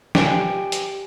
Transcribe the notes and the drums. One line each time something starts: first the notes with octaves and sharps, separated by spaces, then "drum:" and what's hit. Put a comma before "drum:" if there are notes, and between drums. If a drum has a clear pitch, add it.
G4 G5 G#5 D7, drum: snare
drum: hi-hat